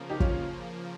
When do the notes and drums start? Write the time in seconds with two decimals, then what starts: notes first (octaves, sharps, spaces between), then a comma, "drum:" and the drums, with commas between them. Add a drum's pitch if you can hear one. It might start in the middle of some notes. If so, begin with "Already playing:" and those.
Already playing: C#3 F3 A#3
0.10 D#4 G4
0.20 C#4 F4, drum: kick